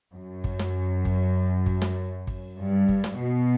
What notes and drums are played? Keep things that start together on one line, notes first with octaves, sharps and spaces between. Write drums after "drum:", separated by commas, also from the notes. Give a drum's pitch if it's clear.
F#2
drum: kick G#1
drum: snare
drum: kick G#1
drum: kick G#1
drum: snare
drum: kick G#1
G2
drum: kick G#1
drum: snare
B2